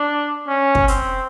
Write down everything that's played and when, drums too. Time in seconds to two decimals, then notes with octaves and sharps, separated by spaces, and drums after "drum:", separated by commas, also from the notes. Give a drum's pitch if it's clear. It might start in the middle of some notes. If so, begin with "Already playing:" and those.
Already playing: D4
0.47 C#4
0.75 drum: kick
0.88 C4, drum: hi-hat